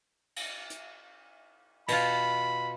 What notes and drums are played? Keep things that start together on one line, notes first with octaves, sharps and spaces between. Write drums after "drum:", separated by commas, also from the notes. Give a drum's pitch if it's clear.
drum: cymbal
drum: hi-hat
B2 F4 B5, drum: cymbal